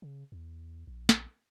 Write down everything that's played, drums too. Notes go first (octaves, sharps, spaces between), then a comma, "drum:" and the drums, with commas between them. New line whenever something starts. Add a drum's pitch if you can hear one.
C#3
E2
A#1
drum: snare